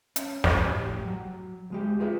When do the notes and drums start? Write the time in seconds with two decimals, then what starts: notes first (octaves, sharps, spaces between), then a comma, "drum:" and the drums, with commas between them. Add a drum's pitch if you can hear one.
0.16 C#4, drum: hi-hat
0.44 drum: snare
0.64 A2 G4
1.05 F#3
1.70 D2 G#3 G4
2.00 F4 G#4 B4 E5